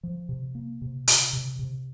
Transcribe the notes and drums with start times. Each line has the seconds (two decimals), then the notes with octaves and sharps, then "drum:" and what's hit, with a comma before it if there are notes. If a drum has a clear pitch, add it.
0.03 F3
0.29 C3
0.55 A#3
0.82 C3
1.08 C3, drum: hi-hat
1.33 C3
1.59 C3